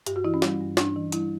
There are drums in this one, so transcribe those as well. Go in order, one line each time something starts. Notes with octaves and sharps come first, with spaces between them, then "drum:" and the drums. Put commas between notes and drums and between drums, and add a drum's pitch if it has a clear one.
G2 G4, drum: hi-hat
F#4
E3 E4
C#4
G3, drum: snare
G2
G2 D4, drum: snare
E3
G3 E4, drum: hi-hat